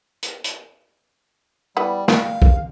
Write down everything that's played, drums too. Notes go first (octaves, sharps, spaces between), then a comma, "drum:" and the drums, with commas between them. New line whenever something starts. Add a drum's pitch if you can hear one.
drum: hi-hat
drum: hi-hat
E3 G3 B3
D#3 G3 F5, drum: snare
drum: kick